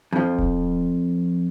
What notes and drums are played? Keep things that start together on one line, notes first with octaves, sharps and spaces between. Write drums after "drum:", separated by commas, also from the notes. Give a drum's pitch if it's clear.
F2 F3
drum: kick D#1